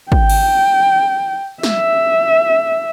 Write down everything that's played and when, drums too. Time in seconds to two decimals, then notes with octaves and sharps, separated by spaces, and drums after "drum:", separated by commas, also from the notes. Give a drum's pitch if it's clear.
0.12 G5, drum: kick
0.30 drum: cymbal
1.63 E5, drum: snare